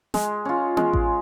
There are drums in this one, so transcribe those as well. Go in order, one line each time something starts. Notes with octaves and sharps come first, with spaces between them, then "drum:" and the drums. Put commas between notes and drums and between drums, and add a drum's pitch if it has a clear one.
G#3, drum: snare
C#4 F4
G#3, drum: tom B3
drum: kick A1